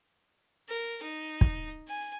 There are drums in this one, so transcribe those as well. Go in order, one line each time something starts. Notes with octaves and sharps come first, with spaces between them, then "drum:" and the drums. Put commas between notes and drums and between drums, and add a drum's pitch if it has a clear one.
A#4
D#4
drum: kick
G#5